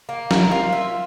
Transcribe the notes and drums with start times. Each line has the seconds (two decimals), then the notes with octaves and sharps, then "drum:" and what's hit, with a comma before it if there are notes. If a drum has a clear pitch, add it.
0.09 A#3
0.31 A#4, drum: snare
0.51 F4
0.73 E5